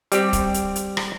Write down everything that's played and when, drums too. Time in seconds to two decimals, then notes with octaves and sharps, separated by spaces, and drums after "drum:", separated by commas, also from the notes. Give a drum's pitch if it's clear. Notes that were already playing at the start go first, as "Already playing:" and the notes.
0.12 G3 C4 G4, drum: hi-hat
0.33 drum: kick, hi-hat
0.54 drum: hi-hat
0.76 drum: hi-hat
0.97 drum: rim click